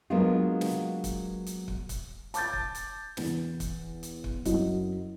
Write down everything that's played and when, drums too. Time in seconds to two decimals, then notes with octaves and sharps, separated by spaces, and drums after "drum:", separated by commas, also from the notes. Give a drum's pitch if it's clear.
0.10 F#3 G#3 A#3 B3 D4 F4
0.61 drum: snare
1.04 drum: kick, hi-hat
1.46 drum: hi-hat
1.68 drum: kick
1.89 drum: kick, hi-hat
2.34 A5 D6 G6 A6, drum: hi-hat
2.53 drum: kick
2.75 drum: hi-hat
3.17 E2, drum: snare
3.60 drum: kick, hi-hat
4.03 drum: hi-hat
4.24 drum: kick
4.45 F#2 F#3 E4 D#5, drum: kick, hi-hat